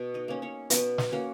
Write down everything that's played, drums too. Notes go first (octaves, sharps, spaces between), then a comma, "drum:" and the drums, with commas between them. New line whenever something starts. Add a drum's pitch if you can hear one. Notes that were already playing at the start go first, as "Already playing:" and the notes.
Already playing: B2
D#4 D#5
A#3 C#4
C#4 C#5
B2 B3 B4, drum: hi-hat
drum: snare
A#3 C#4 F#4